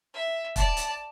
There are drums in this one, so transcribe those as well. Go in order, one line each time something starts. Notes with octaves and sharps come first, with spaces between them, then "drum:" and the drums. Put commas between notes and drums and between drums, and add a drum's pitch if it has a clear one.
E5
D5 A5, drum: kick, hi-hat
drum: hi-hat